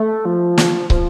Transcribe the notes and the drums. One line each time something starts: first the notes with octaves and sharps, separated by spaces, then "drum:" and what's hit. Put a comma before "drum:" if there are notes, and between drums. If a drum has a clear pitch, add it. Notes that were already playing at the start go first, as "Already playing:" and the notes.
Already playing: A3
F3
drum: snare
F3, drum: kick